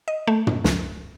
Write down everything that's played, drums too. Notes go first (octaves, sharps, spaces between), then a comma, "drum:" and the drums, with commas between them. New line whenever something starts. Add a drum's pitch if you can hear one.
D#5
A3
drum: tom
C#2, drum: snare